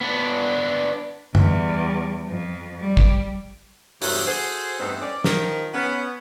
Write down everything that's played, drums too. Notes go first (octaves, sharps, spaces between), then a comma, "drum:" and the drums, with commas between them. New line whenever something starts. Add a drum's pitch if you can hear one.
B3 D4
E2 G3, drum: tom
F2
G3
drum: kick
E2 G2 C3 E3 F#3, drum: open hi-hat
F#4 G#4 A4 C5
E2 G2 A3 B3 C4 D#4
C#4 D5
D#3 F3 A#4, drum: snare
B3 C#4